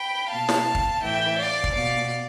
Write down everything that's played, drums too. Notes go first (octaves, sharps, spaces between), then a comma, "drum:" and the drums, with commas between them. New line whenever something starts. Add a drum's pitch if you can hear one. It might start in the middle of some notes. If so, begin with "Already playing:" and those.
Already playing: G5 B5
B2 F5 A5
drum: snare
drum: kick
A2 E3 E5 G5
D5 F5
drum: kick
B2 D5 F5